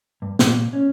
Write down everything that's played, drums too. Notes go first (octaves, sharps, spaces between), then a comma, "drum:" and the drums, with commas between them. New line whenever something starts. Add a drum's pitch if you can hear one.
G2
A#2, drum: snare
C#4